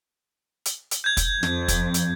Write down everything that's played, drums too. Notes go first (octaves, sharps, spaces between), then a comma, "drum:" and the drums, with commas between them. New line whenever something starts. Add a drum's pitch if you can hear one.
drum: hi-hat
drum: hi-hat
G6 G#6
drum: kick, hi-hat
F2, drum: snare
drum: kick, hi-hat
drum: hi-hat